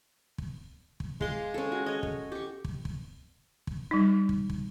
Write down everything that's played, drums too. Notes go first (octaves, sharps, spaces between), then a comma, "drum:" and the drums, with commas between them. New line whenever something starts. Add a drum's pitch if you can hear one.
drum: kick
drum: kick
G#3 F5 C6 D6, drum: kick
C#4 A4
F#4
C#5 D#5
drum: kick
G4 C#6
drum: kick
drum: kick
drum: kick
G3 D#4
drum: kick
drum: kick